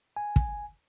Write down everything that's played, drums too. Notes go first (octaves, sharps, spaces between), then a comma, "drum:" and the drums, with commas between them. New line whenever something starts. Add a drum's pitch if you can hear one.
G#5
drum: kick